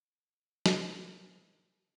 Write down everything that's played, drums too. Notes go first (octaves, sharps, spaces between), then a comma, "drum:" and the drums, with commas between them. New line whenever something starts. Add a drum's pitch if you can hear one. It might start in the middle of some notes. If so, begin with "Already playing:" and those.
A#4, drum: snare